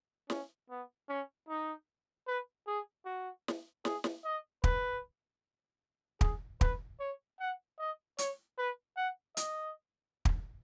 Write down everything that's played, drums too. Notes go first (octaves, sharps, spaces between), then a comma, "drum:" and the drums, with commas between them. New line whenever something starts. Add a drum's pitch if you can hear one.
C#4, drum: snare
B3
C#4
D#4
B4
G#4
F#4
drum: snare
G#4, drum: snare
drum: snare
D#5
B4, drum: kick
G#4, drum: kick
B4, drum: kick
C#5
F#5
D#5
C#5, drum: hi-hat
B4
F#5
D#5, drum: hi-hat
drum: kick